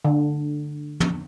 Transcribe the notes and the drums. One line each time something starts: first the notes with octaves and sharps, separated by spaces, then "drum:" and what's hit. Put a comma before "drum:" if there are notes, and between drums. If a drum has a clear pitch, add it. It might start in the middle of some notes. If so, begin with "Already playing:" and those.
D3
drum: tom